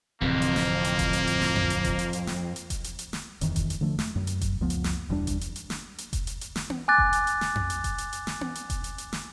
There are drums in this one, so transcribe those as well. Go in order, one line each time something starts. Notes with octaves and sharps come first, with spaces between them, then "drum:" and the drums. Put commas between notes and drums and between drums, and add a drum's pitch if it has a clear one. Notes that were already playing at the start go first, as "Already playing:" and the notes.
D1 F2 C3 E3 A#3
drum: hi-hat
drum: snare
drum: hi-hat
drum: kick F1, hi-hat
drum: hi-hat
drum: hi-hat
drum: snare
drum: tom F2
drum: hi-hat
drum: kick F1, hi-hat
drum: hi-hat
drum: hi-hat
drum: snare
drum: hi-hat
drum: kick F1, hi-hat
drum: hi-hat
drum: hi-hat
drum: snare
D#1 F2 D#3 E3, drum: hi-hat
drum: kick F1, hi-hat
drum: hi-hat
D3 F3 A3
A3, drum: snare
F#2
drum: hi-hat
drum: kick F1, hi-hat
C#2 F3 B3
drum: hi-hat
drum: snare
E1 E2 G3 D4
drum: kick F1, hi-hat
drum: hi-hat
drum: hi-hat
drum: snare
drum: hi-hat
drum: kick F1, hi-hat
drum: hi-hat
drum: hi-hat
drum: snare
drum: tom B3
G#5 D6 F#6 A6
drum: kick F1
drum: hi-hat
drum: hi-hat
drum: snare
drum: tom F2
drum: hi-hat
drum: kick F1, hi-hat
drum: hi-hat
drum: hi-hat
drum: snare
drum: tom B3
drum: hi-hat
drum: kick F1, hi-hat
drum: hi-hat
drum: hi-hat
drum: snare